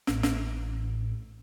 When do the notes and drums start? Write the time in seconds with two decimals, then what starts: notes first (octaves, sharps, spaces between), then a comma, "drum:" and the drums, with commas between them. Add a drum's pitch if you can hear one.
0.07 A1, drum: snare
0.23 drum: snare